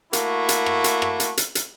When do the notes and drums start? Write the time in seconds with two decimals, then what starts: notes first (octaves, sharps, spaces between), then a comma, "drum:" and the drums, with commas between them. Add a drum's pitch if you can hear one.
0.13 A3 A#3 E4 F#4, drum: hi-hat
0.49 drum: hi-hat
0.66 drum: rim click
0.84 drum: hi-hat
1.02 drum: rim click
1.20 drum: hi-hat
1.37 drum: hi-hat
1.55 drum: hi-hat